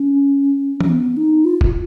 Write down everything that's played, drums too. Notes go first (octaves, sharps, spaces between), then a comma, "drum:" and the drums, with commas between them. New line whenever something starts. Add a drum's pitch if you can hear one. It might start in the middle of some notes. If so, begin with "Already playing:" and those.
Already playing: C#4
C#4, drum: tom E3
B3
D#4
F4
drum: kick F1